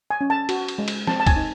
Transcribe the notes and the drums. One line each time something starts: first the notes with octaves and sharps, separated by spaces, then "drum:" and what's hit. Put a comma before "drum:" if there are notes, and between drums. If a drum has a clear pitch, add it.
G#5
C#4
A5
F#4, drum: cymbal
drum: cymbal
G#3
drum: cymbal
C4 A5, drum: snare
A5
G#5, drum: kick, cymbal
D#4